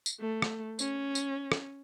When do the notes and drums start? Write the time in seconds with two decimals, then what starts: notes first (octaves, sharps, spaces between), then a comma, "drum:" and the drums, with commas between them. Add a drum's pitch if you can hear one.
0.06 drum: tambourine
0.19 A3
0.42 drum: rim click
0.79 C#4, drum: tambourine
1.15 drum: tambourine
1.52 drum: rim click